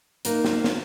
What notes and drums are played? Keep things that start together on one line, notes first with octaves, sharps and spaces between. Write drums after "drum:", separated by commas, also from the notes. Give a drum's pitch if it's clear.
A#3 D#4 A#4 B4, drum: hi-hat
drum: snare
drum: snare